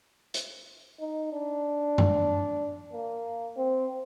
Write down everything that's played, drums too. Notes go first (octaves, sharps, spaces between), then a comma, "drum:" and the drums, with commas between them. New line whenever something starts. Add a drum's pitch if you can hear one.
drum: hi-hat
D#4
D4
drum: tom F#2
A#3
C4